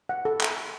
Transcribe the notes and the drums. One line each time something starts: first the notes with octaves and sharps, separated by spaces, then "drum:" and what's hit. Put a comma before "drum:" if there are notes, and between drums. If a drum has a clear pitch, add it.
F#5
A4
drum: clap